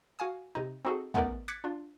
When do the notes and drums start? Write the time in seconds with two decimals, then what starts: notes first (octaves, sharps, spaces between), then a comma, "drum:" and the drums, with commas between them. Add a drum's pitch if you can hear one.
0.19 F#4 F5 G#5 D#6
0.55 C3 D#4
0.85 C4 D#4 F#4 G#4 A4
1.14 A3 B3 C#4 D#4 A#4 D5, drum: tom
1.48 D6 F#6 G#6 A6 B6 C#7
1.64 D4 F4